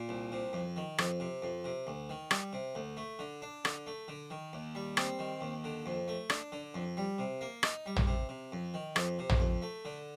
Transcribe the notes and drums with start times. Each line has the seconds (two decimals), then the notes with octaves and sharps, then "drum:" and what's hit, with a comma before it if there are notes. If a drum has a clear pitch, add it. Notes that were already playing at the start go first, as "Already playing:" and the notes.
Already playing: A#2
0.09 C2
0.32 C3
0.53 F2
0.76 D#3
0.98 F2, drum: rim click
1.20 C3
1.42 F2
1.65 C3
1.87 D2
2.09 D#3
2.31 G3, drum: rim click
2.53 C3
2.75 D2
2.97 A3
3.19 D3
3.42 D4
3.65 D3, drum: rim click
3.87 A3
4.08 D3
4.30 D#3
4.53 D#2
4.75 G3
4.97 C4, drum: rim click
5.19 D#3
5.41 D#2
5.64 D3
5.86 F2
6.08 A3
6.30 D4, drum: rim click
6.52 D3
6.74 F2
6.97 G3
7.19 C3
7.41 A#3
7.63 D#4, drum: rim click
7.86 G3
7.96 drum: tom
8.07 C3
8.29 C3
8.52 F2
8.74 D#3
8.96 F2, drum: rim click
9.19 C3
9.29 drum: tom
9.40 F2
9.62 A3
9.85 D3